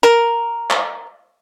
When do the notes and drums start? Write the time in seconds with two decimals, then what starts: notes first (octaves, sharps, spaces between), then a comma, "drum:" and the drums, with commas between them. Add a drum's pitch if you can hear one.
0.03 A#4
0.70 drum: clap